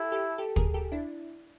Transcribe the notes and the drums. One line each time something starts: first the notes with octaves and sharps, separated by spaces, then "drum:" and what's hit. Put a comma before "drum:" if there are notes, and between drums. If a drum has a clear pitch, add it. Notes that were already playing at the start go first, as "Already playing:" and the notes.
Already playing: E4 G4 A4
G4 A4
G4 A4
G#4 A#4, drum: kick
G4 A4
D4 E4